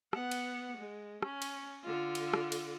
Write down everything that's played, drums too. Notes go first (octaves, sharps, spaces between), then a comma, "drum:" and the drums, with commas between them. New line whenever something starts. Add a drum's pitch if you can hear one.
B3 F#5, drum: rim click
drum: cymbal
G#3
C#4, drum: rim click
drum: cymbal
D3 F4
drum: cymbal
drum: rim click
drum: cymbal